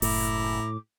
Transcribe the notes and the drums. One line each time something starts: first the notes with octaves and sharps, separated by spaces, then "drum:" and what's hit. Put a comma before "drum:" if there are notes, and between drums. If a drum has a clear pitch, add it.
F#1 A2 E4 A#5 D6, drum: open hi-hat